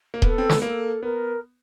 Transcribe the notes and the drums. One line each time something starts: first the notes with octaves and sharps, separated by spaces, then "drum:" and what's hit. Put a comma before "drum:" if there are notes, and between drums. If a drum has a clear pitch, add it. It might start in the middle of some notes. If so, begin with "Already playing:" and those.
A#3
B3 A4, drum: kick D#1
C4
B3, drum: snare
A#3 A4
B3 A#4